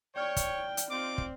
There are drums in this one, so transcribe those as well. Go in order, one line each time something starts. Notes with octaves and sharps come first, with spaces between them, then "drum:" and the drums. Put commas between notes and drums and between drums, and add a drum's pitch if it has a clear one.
C#5 D5 G5 F6
drum: kick, hi-hat
drum: hi-hat
C4 D#4 F4 D6
drum: kick